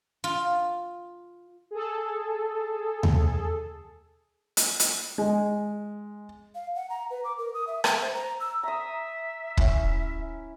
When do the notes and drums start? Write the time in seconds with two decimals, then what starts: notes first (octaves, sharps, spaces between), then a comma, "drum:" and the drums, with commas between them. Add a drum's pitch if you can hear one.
0.24 F4
1.71 G#4 A4
3.03 drum: tom D#2
4.57 drum: hi-hat
4.80 drum: hi-hat
5.18 G#3
6.55 F5
6.75 F#5
6.90 A#5
7.10 B4
7.24 D6
7.38 A#4
7.54 D#6
7.67 E5
7.84 E5, drum: rim click
8.01 C5
8.14 A#5
8.40 E6
8.63 E5 A#5 D#6
9.57 C#4 E4, drum: kick